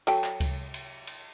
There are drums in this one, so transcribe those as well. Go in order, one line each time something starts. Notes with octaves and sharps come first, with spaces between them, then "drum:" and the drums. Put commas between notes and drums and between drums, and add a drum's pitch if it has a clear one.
F#3 A4 G5, drum: cymbal
drum: clap
drum: kick C#2, cymbal
drum: cymbal
drum: cymbal